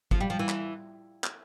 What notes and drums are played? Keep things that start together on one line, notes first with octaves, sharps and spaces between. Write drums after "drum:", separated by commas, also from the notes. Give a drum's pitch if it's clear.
F3, drum: kick
G3
F3
E3
drum: clap
drum: clap